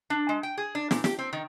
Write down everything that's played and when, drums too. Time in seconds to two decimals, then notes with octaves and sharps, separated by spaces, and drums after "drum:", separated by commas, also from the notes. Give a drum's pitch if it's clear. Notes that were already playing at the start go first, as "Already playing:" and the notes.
0.10 D4
0.29 G#3
0.43 G5
0.58 G#4
0.75 D4
0.91 A#2, drum: snare
1.04 G4, drum: snare
1.19 C4
1.33 D#3